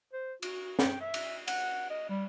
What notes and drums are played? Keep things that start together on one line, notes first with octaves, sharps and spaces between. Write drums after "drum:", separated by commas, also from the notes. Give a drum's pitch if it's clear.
C5
F#4, drum: cymbal
G5, drum: snare
E5
drum: cymbal
F#5, drum: cymbal
D#5
G3